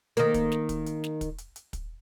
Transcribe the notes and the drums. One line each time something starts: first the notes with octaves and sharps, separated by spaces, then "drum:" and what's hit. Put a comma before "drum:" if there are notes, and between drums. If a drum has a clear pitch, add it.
D#3 A#3, drum: hi-hat
drum: kick, hi-hat
drum: snare
drum: kick, hi-hat
drum: hi-hat
drum: snare
drum: kick, hi-hat
drum: hi-hat
drum: hi-hat
drum: kick, hi-hat